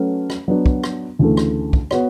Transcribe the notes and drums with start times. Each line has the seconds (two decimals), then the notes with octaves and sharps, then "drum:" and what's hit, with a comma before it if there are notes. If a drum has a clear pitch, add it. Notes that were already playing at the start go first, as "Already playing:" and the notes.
Already playing: F#3 A3 C#4 F#4 B4
0.30 drum: rim click
0.48 F#3 B3 D4 F#4
0.66 drum: kick
0.84 drum: rim click
1.19 D2 C#3 E3 A3
1.37 drum: rim click
1.73 drum: kick
1.91 B3 F#4 C#5, drum: rim click